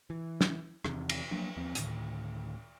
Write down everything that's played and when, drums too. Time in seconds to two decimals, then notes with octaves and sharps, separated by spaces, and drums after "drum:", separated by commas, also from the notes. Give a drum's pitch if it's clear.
0.10 E3
0.41 drum: snare
0.85 E2 C3 D#3, drum: rim click
1.09 drum: cymbal
1.31 F3 F#3 A#3 D4
1.57 D#2 F3 C4
1.75 D2 A2 D#3, drum: hi-hat